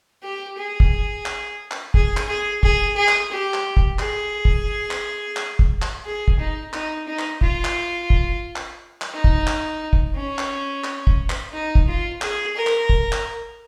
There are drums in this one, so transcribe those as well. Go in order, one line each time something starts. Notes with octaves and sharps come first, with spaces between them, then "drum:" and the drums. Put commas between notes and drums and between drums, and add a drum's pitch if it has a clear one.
G4
G#4
drum: kick
drum: clap
drum: clap
G#4, drum: kick
drum: clap
G#4
G#4, drum: kick
G#4
drum: clap
G4
drum: clap
drum: kick
G#4, drum: clap
drum: kick
drum: clap
drum: clap
drum: kick
drum: clap
G#4
drum: kick
D#4
D#4, drum: clap
D#4
drum: clap
F4, drum: kick
drum: clap
drum: kick
drum: clap
drum: clap
D#4
drum: kick
drum: clap
drum: kick
C#4
drum: clap
drum: clap
drum: kick
drum: clap
D#4
drum: kick
F4
G#4, drum: clap
A#4
drum: clap
drum: kick
drum: clap